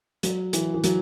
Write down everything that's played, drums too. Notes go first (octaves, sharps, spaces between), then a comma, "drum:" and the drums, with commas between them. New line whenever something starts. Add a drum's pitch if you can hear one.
F#3, drum: hi-hat
E3, drum: hi-hat
E3
F#3, drum: hi-hat